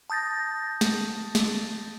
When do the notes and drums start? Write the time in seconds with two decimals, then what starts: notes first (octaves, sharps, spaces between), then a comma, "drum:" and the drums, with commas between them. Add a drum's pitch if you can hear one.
0.10 A5 D#6 G6 A6 A#6
0.81 drum: snare
1.35 drum: snare